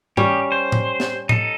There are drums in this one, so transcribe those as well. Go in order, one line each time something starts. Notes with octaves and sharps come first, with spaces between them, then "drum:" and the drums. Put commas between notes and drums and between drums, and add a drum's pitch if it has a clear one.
G3 C#4 G4, drum: tom G#2
C5
drum: tom A2
drum: snare
D#4 A4, drum: tom A2